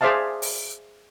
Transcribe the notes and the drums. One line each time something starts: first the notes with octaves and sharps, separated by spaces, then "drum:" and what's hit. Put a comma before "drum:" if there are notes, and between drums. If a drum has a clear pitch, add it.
G#4 C5 D5 E5 F5 A5
drum: open hi-hat